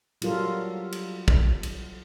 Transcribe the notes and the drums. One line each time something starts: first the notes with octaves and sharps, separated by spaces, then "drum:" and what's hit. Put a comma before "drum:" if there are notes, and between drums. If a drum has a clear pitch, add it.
F#3 G3 F4 A4 A#4, drum: cymbal
drum: cymbal
drum: kick
drum: cymbal